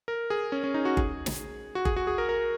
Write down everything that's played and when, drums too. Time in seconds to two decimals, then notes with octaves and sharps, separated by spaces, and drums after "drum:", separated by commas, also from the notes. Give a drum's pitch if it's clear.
0.08 A#4
0.30 G#4
0.52 C#4
0.64 C#4
0.74 D#4
0.85 F#4
0.97 G#4, drum: kick G1
1.26 drum: snare
1.75 F#4
1.85 G#4, drum: kick G1
1.96 F#4
2.07 G#4
2.18 A#4
2.29 A#4